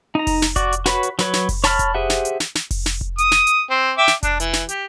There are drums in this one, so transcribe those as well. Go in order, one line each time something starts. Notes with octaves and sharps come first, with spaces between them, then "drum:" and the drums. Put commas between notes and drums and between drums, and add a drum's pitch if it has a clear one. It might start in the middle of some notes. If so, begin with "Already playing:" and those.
D#4 A#5
drum: kick F1, open hi-hat
drum: snare
F#4 D5, drum: kick F1, hi-hat
drum: hi-hat
F#4 B4 C#5 B5, drum: snare
drum: hi-hat
F#3 B4 C#5, drum: snare
drum: snare
drum: kick F1, open hi-hat
C#5 A5 B5 F6, drum: snare
drum: kick F1, hi-hat
G4 G#4 C5 E5 F#5
drum: snare
drum: hi-hat
drum: snare
drum: snare
drum: kick F1, open hi-hat
drum: snare
drum: kick F1
D#6, drum: hi-hat
drum: snare
drum: hi-hat
C4
E5 G5 D6
drum: snare
D4, drum: kick F1, hi-hat
E3, drum: hi-hat
drum: snare
G4, drum: hi-hat